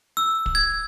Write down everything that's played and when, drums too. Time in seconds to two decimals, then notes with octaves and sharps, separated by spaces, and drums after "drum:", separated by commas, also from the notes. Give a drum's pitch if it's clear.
0.17 E6
0.46 drum: kick
0.55 G#6